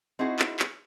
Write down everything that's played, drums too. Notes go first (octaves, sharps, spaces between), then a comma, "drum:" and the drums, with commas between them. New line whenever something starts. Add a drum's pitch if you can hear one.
C4 D#4 E4 F#4 G#4
drum: clap
drum: clap